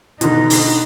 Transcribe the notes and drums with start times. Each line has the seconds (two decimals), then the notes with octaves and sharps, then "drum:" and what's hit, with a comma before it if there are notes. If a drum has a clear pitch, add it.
0.21 B2 D3 D#4, drum: hi-hat
0.50 drum: open hi-hat